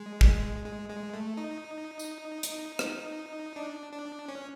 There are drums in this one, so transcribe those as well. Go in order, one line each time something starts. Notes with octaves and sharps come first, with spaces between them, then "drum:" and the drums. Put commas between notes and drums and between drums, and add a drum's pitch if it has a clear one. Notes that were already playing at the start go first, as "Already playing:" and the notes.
Already playing: G#3
G3, drum: kick
G#3
G#3
G#3
A3
D#4
drum: tambourine
drum: hi-hat
drum: rim click
D4
D4
C#4